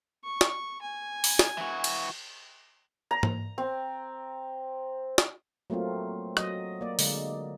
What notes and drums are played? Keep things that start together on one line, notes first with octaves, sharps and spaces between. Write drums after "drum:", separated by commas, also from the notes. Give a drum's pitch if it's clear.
C#6
drum: snare
G#5
drum: open hi-hat
drum: snare
E3 F#4
drum: cymbal
A#5
drum: tom
C4
drum: snare
F#3 A3 A#3 C4 F4
F#3 D#5, drum: rim click
A#3 D5
D3 G#3, drum: open hi-hat